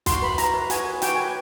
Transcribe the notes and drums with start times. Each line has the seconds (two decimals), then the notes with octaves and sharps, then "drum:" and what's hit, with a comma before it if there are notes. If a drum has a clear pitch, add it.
0.06 F#4 C6, drum: kick, hi-hat
0.22 B4 B5
0.38 F#4 A#5, drum: hi-hat
0.54 B4
0.70 F#4 G#5, drum: hi-hat
0.86 B4
1.02 F#4 G5, drum: hi-hat
1.16 B4 G#5